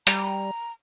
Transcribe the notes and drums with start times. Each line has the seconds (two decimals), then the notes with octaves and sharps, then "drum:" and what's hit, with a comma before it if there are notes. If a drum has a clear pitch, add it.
0.07 G3 A#5, drum: hi-hat